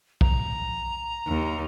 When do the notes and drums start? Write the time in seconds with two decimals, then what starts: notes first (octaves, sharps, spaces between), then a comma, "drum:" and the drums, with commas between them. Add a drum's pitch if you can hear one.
0.21 A#5, drum: kick
1.28 D#2